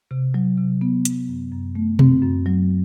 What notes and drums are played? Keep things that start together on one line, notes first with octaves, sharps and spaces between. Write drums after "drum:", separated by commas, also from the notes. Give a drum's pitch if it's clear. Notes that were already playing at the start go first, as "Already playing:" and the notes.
C3
F#3
C3
B3
F#3, drum: hi-hat
F#2
F#2
A3
C4, drum: tom B2
F#2
F#3